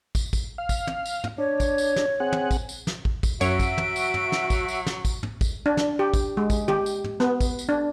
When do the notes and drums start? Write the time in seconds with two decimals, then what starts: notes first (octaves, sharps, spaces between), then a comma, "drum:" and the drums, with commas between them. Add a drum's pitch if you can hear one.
0.15 drum: kick, tambourine
0.33 drum: kick, tambourine
0.58 F5
0.69 drum: kick, tambourine
0.87 drum: tom
1.06 drum: tambourine
1.24 drum: tom
1.38 D4 C#5
1.60 drum: kick, tambourine
1.78 drum: tambourine
1.96 drum: snare
2.20 C4 G#4 F#5
2.33 drum: tom
2.51 drum: kick, tambourine
2.69 drum: tambourine
2.87 drum: snare
3.05 drum: kick
3.23 drum: kick, tambourine
3.41 F#2 F#3 F#4 C#5 E5 C#7 D7, drum: tambourine
3.60 drum: kick, tambourine
3.78 drum: tom
3.96 drum: tambourine
4.14 drum: tom
4.32 drum: snare
4.50 drum: kick, tambourine
4.68 drum: tambourine
4.87 drum: snare
5.05 drum: kick, tambourine
5.23 drum: tom
5.41 drum: kick, tambourine
5.66 D4
5.77 drum: snare
5.99 G4
6.14 drum: kick, tambourine
6.37 G#3
6.50 drum: kick, tambourine
6.68 G4, drum: tom
6.86 drum: tambourine
7.04 drum: tom
7.20 B3, drum: snare
7.41 drum: kick, tambourine
7.59 drum: tambourine
7.69 D4